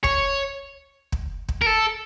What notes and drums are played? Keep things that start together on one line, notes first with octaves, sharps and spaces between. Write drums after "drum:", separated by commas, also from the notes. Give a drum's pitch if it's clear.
C#5, drum: kick
drum: kick
drum: kick
A#4
A4